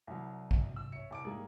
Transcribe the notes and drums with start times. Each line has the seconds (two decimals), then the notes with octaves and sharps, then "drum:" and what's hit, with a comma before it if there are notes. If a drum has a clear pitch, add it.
0.07 C2 F#3
0.51 drum: kick A#1
0.76 E6
0.92 C#5 E5 C#7
1.10 C2 D6 D7
1.25 G#2 G3 A#3 G#4